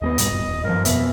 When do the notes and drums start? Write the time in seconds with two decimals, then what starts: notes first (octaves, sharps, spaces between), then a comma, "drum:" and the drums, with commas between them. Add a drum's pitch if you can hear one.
0.01 D#2 A3 B3 D#5
0.18 G2 A#2 G3, drum: hi-hat
0.31 D1 G#1
0.47 D#1
0.64 G2 A#2 F3 A#4
0.85 F2 B2 B3 E5, drum: hi-hat